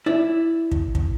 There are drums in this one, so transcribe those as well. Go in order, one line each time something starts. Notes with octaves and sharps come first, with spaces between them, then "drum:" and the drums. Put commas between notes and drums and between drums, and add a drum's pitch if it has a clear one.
E4 D5
drum: kick
drum: kick